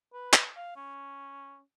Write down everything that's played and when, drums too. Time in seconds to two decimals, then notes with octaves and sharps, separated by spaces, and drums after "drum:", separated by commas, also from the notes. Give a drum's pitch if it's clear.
0.14 B4
0.33 drum: clap
0.56 F5
0.76 C#4